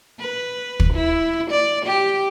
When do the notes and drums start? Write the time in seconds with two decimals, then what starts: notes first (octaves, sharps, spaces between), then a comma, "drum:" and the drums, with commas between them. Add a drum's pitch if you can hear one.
0.19 B4
0.80 drum: kick
0.93 E4
1.50 D5
1.85 G4